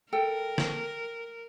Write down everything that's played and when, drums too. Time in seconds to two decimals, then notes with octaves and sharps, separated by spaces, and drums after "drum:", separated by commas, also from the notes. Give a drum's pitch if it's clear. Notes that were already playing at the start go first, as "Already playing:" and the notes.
0.13 A4 A#4 G5
0.58 drum: snare